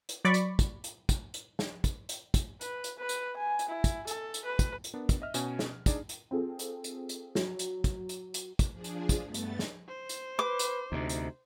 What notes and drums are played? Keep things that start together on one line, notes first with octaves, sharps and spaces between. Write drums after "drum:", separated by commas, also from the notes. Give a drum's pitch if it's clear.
drum: hi-hat
F#3 D5 B5 C#6
drum: hi-hat
drum: kick, hi-hat
drum: hi-hat
drum: kick, hi-hat
drum: hi-hat
drum: snare
drum: kick, hi-hat
drum: hi-hat
drum: kick, hi-hat
B4, drum: hi-hat
drum: hi-hat
B4
drum: hi-hat
G#5
drum: hi-hat
E4
drum: kick, hi-hat
A4, drum: hi-hat
drum: hi-hat
B4
drum: kick, hi-hat
drum: hi-hat
B3 D4 A#4
drum: kick, hi-hat
D#5 E5 F6
B2 C#4 G#5, drum: hi-hat
drum: snare
D4 D#4 G#4 D5, drum: kick, hi-hat
drum: hi-hat
C4 F4 G#4 A4
drum: hi-hat
drum: hi-hat
drum: hi-hat
F#3, drum: snare
drum: hi-hat
drum: kick, hi-hat
drum: hi-hat
drum: hi-hat
drum: kick, hi-hat
F3 D4 G#4
drum: hi-hat
drum: kick, hi-hat
G2 A3 B3 A6
drum: hi-hat
drum: snare
C5
drum: hi-hat
B4 D6
drum: hi-hat
D2 C3 D#4
drum: hi-hat